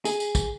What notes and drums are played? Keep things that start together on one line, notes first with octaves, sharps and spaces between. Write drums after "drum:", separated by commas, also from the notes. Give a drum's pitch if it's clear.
G#4, drum: tambourine
drum: tambourine
drum: kick, tambourine